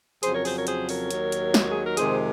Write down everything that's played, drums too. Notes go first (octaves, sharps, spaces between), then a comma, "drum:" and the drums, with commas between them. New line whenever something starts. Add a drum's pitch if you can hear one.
F2 C#3 F#3 G#4 C5, drum: hi-hat
A#4 C#5
G#4 C5, drum: open hi-hat
A#4 C#5
G#4 C5, drum: hi-hat
A#4 C#5, drum: open hi-hat
D#2 D#3 F#3, drum: hi-hat
drum: hi-hat
drum: snare
G#4
A#4
F2 C3 D#3 G#3 G#4 C5, drum: hi-hat